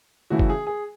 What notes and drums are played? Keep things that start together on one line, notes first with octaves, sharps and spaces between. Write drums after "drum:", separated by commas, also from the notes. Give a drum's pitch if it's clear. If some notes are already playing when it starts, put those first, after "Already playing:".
C#3 E3 A3 E4 F#4
drum: kick
G#4
G#4